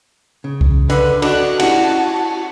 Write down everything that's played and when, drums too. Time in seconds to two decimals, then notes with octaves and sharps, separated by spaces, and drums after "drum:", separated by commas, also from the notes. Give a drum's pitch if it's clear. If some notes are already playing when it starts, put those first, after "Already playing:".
0.44 C#3
0.61 drum: kick C2
0.90 D3 B4, drum: hi-hat
1.22 D4 F#4 A4 D#5 B5 F#6, drum: cymbal
1.60 C#4 E4 F#4 G4 A5, drum: cymbal